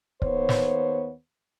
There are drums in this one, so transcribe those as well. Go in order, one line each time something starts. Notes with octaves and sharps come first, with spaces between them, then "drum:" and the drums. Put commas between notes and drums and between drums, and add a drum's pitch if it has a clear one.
D#2 B3 C5 C#5, drum: kick
drum: snare